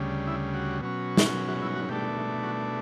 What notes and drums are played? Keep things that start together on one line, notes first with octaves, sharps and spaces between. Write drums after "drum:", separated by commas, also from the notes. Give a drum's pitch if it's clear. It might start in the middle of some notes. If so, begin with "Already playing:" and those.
Already playing: D2 C#3 G3
E4
F#4
B2 F#3 C#4
drum: snare
F#4
E4
F#4
B2 A3 D4 G4
F#4